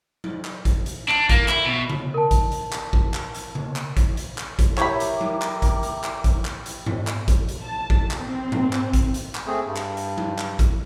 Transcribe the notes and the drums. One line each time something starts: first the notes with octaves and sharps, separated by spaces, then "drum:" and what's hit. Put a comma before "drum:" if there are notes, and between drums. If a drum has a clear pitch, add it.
drum: tom F#3
drum: clap
drum: kick, hi-hat
drum: hi-hat
D4, drum: clap
A#3, drum: kick, hi-hat
E4, drum: clap
B2
drum: tom C#3
A#4 A5
drum: kick, hi-hat
drum: hi-hat
drum: clap
drum: kick
drum: clap
drum: hi-hat
drum: tom C#3
drum: clap
drum: kick, hi-hat
drum: hi-hat
drum: clap
drum: kick, hi-hat
E4 G4 A#4 C#5 B5 D6, drum: clap
drum: hi-hat
drum: tom F#3
drum: clap
drum: kick, hi-hat
drum: hi-hat
drum: clap
drum: kick, hi-hat
drum: clap
drum: hi-hat
drum: tom G#2
drum: clap
drum: kick, hi-hat
drum: hi-hat
A5
drum: kick
drum: clap
C4
drum: tom G#2
drum: clap
drum: kick, hi-hat
drum: hi-hat
drum: clap
A3 C4 G#4
G2
drum: clap
drum: hi-hat
drum: tom F#3
drum: clap
drum: kick, hi-hat